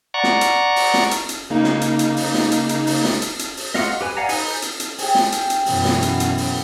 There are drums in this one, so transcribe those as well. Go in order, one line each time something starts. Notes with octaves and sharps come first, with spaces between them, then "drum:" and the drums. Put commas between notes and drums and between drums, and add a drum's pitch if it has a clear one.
D5 F#5 A#5 C#6
drum: snare
drum: hi-hat
drum: open hi-hat
drum: snare
drum: hi-hat
drum: hi-hat
C#3 A#3 D#4
drum: snare
drum: hi-hat
drum: hi-hat
drum: open hi-hat
drum: snare
drum: hi-hat
drum: hi-hat
drum: open hi-hat
drum: snare
drum: hi-hat
drum: hi-hat
drum: open hi-hat
D#5 F5 F#5 C6 C#6, drum: snare
G4 B4 G#5
D5 F5 F#5 G#5 A#5
D#4 B4 G#5, drum: open hi-hat
G6
drum: hi-hat
drum: hi-hat
G4 G#4 G#5, drum: open hi-hat
drum: snare
drum: hi-hat
drum: hi-hat
F#2 B2 E3, drum: open hi-hat
drum: snare
drum: hi-hat
drum: hi-hat
drum: open hi-hat